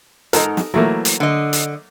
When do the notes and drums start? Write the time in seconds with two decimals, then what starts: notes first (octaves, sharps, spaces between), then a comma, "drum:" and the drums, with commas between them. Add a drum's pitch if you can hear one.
0.33 G#2 D#4 A4 A#4, drum: hi-hat
0.57 drum: snare
0.74 E3 F#3 A3 A#3
1.05 drum: hi-hat
1.20 D3 D#5
1.53 drum: hi-hat